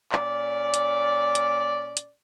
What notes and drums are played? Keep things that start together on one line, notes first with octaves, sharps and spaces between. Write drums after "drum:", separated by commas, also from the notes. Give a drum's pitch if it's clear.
A#2 C#4 D5, drum: clap
drum: hi-hat
drum: hi-hat
drum: hi-hat